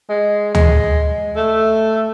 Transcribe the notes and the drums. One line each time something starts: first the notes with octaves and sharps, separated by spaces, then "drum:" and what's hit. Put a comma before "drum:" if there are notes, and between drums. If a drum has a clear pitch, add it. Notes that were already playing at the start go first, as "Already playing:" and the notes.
G#3
G#3, drum: tom D2
A3